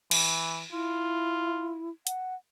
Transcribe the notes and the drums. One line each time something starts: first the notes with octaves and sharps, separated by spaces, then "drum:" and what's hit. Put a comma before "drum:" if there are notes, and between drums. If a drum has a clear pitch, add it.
E3, drum: cymbal
E4 F4
F#5, drum: hi-hat